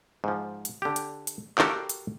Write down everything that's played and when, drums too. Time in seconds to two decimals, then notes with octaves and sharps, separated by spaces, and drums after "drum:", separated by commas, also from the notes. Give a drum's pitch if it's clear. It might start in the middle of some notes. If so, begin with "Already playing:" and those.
0.24 G#2 F3
0.65 drum: hi-hat
0.82 D3 G4
0.96 drum: hi-hat
1.27 drum: hi-hat
1.58 F#4 G4 A4 A#4 F5 G5, drum: clap
1.89 drum: hi-hat